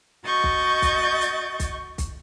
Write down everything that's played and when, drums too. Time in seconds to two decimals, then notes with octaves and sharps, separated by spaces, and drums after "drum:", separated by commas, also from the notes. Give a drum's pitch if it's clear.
0.24 F#4 D#5 C#6 G6 A6
0.44 drum: kick
0.82 drum: kick, hi-hat
1.21 drum: hi-hat
1.60 drum: kick, hi-hat
1.98 drum: kick, hi-hat